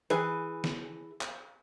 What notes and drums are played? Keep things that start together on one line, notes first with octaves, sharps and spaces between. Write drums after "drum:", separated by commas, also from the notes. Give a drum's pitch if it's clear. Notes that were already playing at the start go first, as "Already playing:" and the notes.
E3 G#4 B4, drum: hi-hat
drum: snare
drum: clap